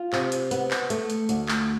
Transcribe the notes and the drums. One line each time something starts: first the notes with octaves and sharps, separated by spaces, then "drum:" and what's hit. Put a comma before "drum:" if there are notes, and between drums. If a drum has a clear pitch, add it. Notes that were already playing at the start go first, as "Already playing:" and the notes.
Already playing: F4
C3, drum: clap
drum: hi-hat
B3, drum: hi-hat
drum: clap
A3, drum: hi-hat
drum: hi-hat
D2, drum: hi-hat
drum: clap